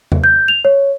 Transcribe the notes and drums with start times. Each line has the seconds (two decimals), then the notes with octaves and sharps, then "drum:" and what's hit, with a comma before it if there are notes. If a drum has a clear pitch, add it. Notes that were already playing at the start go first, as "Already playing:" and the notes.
0.12 drum: tom E2
0.24 G6
0.48 F7
0.65 C#5